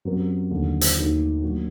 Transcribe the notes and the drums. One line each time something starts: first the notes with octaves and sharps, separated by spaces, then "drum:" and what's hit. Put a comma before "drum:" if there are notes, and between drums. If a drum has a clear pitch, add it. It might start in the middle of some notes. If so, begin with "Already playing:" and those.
F#2 F#3 C4 G4 A#4
D#2 D3 F#3
drum: hi-hat
D#2 D#3 A3 D#4 F#4
A#2 F#3 A#3 D4 F#4